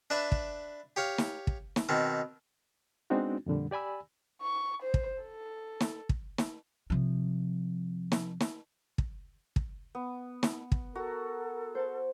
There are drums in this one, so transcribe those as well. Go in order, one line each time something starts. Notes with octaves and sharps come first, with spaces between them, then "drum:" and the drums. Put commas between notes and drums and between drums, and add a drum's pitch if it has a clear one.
D4 B4 D5 E5
drum: kick
G4 C#5 F5
drum: snare
drum: kick
drum: snare
B2 D#3 C4
G#3 B3 C4 D4 D#4 F#4
F2 A#2 D3 G3
G4 D5 G#5 B5 E6
C#6
C5
drum: kick
A4
drum: snare
drum: kick
drum: snare
C3 F3
drum: snare
drum: snare
drum: kick
drum: kick
B3
drum: snare
drum: kick
F#4 A4 A#4 A#5
C5 F#5 A5